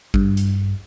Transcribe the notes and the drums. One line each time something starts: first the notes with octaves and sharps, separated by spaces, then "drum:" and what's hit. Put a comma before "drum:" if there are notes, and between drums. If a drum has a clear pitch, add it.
G2, drum: kick G#1
drum: hi-hat